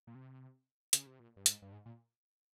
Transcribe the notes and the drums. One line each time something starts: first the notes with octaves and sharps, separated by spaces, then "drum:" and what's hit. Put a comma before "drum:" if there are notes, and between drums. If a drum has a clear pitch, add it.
A#2
C3
C#3, drum: hi-hat
C3
A#2
G2
G#2, drum: hi-hat
G2
G#2
A#2